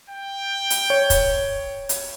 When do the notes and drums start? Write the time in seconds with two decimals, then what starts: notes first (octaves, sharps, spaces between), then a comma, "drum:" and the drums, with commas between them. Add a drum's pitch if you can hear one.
0.10 G5
0.70 drum: hi-hat
0.90 C#5
1.10 drum: kick, hi-hat
1.89 drum: hi-hat